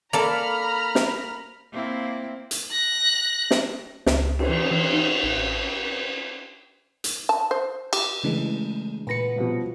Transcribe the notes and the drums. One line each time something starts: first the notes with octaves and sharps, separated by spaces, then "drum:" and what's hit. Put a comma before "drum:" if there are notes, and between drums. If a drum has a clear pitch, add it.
A#3 A4 D5 A#5 B5 F6
drum: snare
A#3 C4 E4
drum: hi-hat
F#6 A#6
drum: snare
C#2, drum: snare
drum: cymbal
E3
E3
D#4
A1
drum: hi-hat
A5
C5
G4, drum: cymbal
C#3 E3 G#3 A3 D4
A#2 B3 B4 A#6 C#7
B2 F3 G3